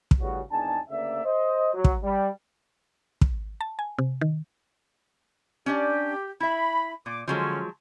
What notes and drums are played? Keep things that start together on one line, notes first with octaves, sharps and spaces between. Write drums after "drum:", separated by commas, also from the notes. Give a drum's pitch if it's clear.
drum: kick
A1 G2 C#3 F#4
G#1 E2 D4 D#4 G#5 A5
D2 C#3 A#3 D5 E5
C5 D#5
F#3
drum: kick
G3
drum: kick
A5
G#5
C3
D#3
C#4 D4 G4 D5
E4 E5 B5
A#2 D6
D3 F3 F#3 G#3 C#4